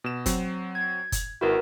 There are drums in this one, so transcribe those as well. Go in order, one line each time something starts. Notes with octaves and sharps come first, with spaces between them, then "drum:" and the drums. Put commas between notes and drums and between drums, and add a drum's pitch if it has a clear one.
B2 E7
F#3 C4, drum: kick F#1, hi-hat
G#6
drum: kick F#1, hi-hat
G#1 E4 F#4 A#4 B4